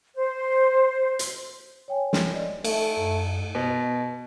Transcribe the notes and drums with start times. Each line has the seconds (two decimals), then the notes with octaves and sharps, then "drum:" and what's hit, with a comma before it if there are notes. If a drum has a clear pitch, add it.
0.15 C5
1.19 drum: hi-hat
1.88 C#5 G5 G#5
2.13 drum: snare
2.33 D5 D#5
2.64 A3, drum: cymbal
2.96 F#2
3.55 B2